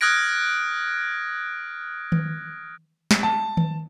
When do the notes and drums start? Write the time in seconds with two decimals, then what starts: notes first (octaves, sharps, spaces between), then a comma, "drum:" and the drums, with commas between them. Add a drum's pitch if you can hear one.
0.01 D#6 F6 F#6 G#6 A#6 D7
2.12 drum: tom D#3
3.11 drum: snare
3.23 A5
3.57 drum: tom D#3